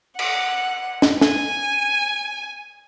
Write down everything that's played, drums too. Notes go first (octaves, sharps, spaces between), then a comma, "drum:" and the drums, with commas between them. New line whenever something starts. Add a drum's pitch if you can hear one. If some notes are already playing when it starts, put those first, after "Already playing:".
F#5, drum: cymbal
drum: snare
G#5, drum: snare